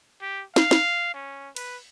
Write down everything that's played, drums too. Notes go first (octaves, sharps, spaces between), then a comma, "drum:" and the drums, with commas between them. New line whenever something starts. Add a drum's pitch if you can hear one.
G4
F5, drum: snare
drum: snare
C#4
B4, drum: cymbal